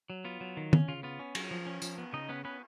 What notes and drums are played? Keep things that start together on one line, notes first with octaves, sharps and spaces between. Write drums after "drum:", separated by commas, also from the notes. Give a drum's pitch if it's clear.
F#3
B3 F4
F#3
D#3
C#4, drum: tom
C#3 F4
B3 F4
C#4
F#3, drum: cymbal
F3
C#4
F3, drum: tambourine
B3
C#3 D#4 D#5
B3 C#4 B4
B3 C#4 B4